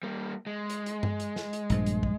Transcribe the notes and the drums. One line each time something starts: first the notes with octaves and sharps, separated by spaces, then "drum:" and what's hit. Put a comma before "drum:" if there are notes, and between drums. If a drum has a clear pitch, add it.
G3 A#3
G#3
drum: hi-hat
drum: hi-hat
drum: tom G2
drum: hi-hat
drum: snare
drum: hi-hat
A#1 G2 F3, drum: hi-hat
drum: hi-hat
drum: kick